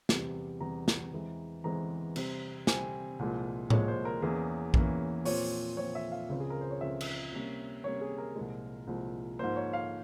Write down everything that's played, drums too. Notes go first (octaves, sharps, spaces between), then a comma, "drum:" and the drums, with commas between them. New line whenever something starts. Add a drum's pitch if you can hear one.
E2 C3 G3, drum: snare
E2 C3 G3 A#5
drum: snare
E2 E3 G#3 C4
E2 E3 G#3 C4 A#5
C3 G3 C4, drum: cymbal
C3 G3 C4 G#5, drum: snare
C2 A#2 F3 G#3
C2 A#2 F3 G#3 C#5, drum: tom A2
C5
A#4
E2 E3 A#3 C#4 G#4
E2 E3 A#3 C#4, drum: kick A#1
A#2 F3 C4 C#5, drum: open hi-hat
A#2 F3 C4 C#5
E5
F5
C#2 C#3 F3 C4
G#4
A#4
C5
C#5
C#2 C#3 F3 C4 E5
drum: cymbal
C3 G3 A#3 C#4
C3 G3 A#3 C#4 C#5
G#4
A#4
C2 A#2 F3 G#3
C2 A#2 F3 G#3
G#2 F3 A#3 C5
C#5
F5